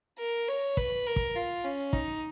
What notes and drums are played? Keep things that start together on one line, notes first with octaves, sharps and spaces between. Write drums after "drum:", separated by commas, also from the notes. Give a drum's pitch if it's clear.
A#4
C#5
B4, drum: kick
A#4
drum: kick
F4
C#4
D#4, drum: kick